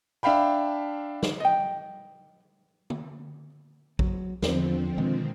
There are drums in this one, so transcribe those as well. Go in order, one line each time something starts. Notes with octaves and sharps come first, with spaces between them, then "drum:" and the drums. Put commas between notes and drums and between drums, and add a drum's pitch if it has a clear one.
D4 E5 F5 G5 B5
drum: snare
D#5 G5
drum: tom D3
F#3, drum: kick A#1
E2 D3 F3 C4, drum: snare
B2 D#3 G#3